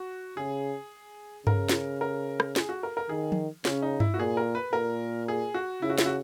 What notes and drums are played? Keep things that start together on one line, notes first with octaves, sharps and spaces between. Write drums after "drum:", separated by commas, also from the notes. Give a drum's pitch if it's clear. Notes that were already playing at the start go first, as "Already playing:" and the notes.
Already playing: F#4
C#3 G#4
C#3 A#4, drum: tom G2
drum: snare
A#4
drum: rim click
G#4, drum: snare
F#4
A#4
A#4
D#3 G#4
drum: tom F3
C#3 C#4, drum: snare
D#4
E4, drum: tom G2
F#4
A#2 G#4
A#4
B4
A#2 A#4
G#4
F#4
C#3 E4
F#4
E4, drum: snare
F#4